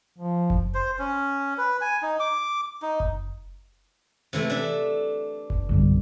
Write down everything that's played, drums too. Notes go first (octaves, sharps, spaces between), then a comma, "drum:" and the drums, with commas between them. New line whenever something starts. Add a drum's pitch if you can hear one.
F3
drum: kick F#1
C5
C#4
B4
G#5
D#4
D6
D#4
drum: kick F#1
C3 E3 A3
D4 E5
drum: kick F#1
B1 G2 D3